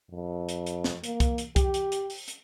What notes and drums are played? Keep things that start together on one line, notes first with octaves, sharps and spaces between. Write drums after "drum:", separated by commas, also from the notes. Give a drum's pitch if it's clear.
F2
drum: hi-hat
drum: hi-hat
drum: snare
A#3, drum: hi-hat
drum: kick C2, hi-hat
drum: hi-hat
G4, drum: kick C2, hi-hat
drum: hi-hat
drum: hi-hat
drum: open hi-hat
drum: hi-hat